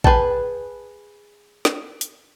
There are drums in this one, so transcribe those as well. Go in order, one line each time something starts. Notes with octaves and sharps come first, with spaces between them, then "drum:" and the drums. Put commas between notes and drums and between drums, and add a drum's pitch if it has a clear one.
G#4 B4 G5 A5, drum: kick A1
drum: snare
drum: hi-hat